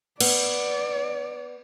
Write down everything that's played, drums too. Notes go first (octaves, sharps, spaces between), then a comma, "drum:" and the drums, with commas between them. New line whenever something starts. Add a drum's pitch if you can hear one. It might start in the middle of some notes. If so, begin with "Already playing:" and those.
B3 D5, drum: cymbal